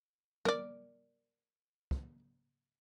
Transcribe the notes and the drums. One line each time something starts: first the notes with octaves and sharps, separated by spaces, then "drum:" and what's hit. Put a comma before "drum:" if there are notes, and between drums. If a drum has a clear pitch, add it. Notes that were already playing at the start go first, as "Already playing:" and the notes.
A#4 D5, drum: tom
drum: kick